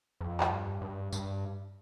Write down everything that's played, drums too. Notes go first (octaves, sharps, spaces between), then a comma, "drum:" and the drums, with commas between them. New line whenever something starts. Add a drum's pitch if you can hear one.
F2
drum: clap
G2
G2
G2, drum: tambourine